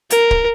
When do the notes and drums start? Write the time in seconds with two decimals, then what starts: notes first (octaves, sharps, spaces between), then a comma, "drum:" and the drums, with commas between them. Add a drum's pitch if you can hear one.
0.11 A#4, drum: hi-hat
0.31 drum: kick C#1